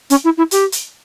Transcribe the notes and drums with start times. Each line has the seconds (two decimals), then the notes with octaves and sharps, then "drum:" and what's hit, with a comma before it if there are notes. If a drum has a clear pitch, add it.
0.10 C#4, drum: hi-hat
0.24 E4
0.37 E4
0.51 G4, drum: hi-hat
0.72 drum: hi-hat